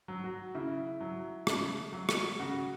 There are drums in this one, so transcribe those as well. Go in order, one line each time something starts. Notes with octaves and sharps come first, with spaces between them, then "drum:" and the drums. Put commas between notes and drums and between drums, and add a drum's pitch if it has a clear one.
F#3
F#4
C#3 E4
F#3
C#3, drum: rim click
F#3
drum: rim click
C#3 F#4